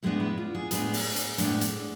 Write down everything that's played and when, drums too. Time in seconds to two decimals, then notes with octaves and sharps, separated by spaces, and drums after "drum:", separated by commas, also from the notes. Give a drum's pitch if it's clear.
0.03 A2 G#3 B3 D4 G#4
0.20 E4
0.38 F4
0.55 G#4
0.71 A2 G#3 B3 D4 G#4, drum: hi-hat
0.94 drum: open hi-hat
1.16 drum: hi-hat
1.38 A2 G#3 B3 D4, drum: hi-hat
1.61 drum: hi-hat